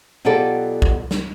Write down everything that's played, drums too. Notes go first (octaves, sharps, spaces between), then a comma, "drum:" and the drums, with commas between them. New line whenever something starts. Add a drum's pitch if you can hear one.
B2 F#3 F4 G4 A4 D5
drum: kick G#1
drum: snare